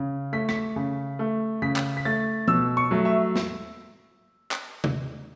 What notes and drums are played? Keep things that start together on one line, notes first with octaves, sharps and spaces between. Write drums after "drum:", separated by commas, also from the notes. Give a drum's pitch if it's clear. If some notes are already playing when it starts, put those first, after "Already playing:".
Already playing: C#3
A3 B6
B6, drum: rim click
C#3
A3
C#3 B6
drum: clap
B6
A3 A6
B2 E6, drum: tom F3
C#6
F#3 A3
E5
drum: snare
drum: clap
drum: tom C3